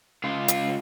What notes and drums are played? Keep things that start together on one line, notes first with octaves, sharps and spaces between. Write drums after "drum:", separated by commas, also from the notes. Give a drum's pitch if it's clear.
C#2 F4
drum: hi-hat